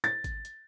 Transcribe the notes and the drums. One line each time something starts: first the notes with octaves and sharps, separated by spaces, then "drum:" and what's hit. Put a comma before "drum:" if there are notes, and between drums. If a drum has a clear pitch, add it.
A6, drum: hi-hat
drum: kick G#1, hi-hat
drum: hi-hat